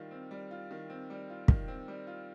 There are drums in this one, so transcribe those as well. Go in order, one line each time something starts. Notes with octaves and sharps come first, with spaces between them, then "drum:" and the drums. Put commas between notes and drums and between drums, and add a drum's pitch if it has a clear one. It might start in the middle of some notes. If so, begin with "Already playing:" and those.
Already playing: D#3 G3 F4
C4
G3
F4
D#3
C4
G3
F4
D#3, drum: kick
C4
G3
F4